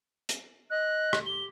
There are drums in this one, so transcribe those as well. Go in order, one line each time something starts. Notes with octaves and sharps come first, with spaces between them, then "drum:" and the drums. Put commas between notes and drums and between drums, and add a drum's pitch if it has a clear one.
drum: hi-hat
D#5 F#6
drum: rim click
G4 G7